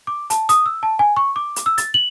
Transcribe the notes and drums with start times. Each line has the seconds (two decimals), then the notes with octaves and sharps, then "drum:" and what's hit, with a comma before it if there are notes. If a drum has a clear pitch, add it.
0.07 D6
0.30 A5, drum: hi-hat
0.49 D#6, drum: hi-hat
0.66 E6
0.83 A5
0.99 G#5
1.17 C#6
1.36 D6
1.56 drum: hi-hat
1.66 E6
1.78 A6, drum: hi-hat
1.94 F#7